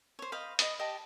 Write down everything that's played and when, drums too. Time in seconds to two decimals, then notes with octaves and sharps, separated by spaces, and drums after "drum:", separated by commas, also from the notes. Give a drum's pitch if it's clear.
0.19 C5 C#5
0.32 C5 D#5 F5 B5
0.59 D#5 B5 D#6, drum: hi-hat
0.79 G4 D#5 A5